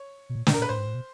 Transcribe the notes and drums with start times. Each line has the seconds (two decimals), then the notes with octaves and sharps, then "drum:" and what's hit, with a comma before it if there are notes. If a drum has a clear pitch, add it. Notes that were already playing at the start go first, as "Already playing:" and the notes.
Already playing: C#5
0.29 B2
0.35 A#2
0.47 A#2, drum: snare
0.54 A#4
0.58 A#2
0.62 B4
0.69 A2 C5
0.78 G#2
0.86 A2
0.95 B2